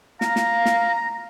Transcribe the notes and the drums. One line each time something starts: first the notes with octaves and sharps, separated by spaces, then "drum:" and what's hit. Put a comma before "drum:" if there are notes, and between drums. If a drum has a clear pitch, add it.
F5 A#5, drum: snare
drum: snare
drum: snare